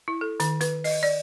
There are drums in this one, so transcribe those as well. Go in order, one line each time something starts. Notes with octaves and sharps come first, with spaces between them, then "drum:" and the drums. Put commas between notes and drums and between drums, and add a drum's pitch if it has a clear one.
E4
A4
D#3, drum: hi-hat
B4, drum: hi-hat
D#5, drum: open hi-hat
D5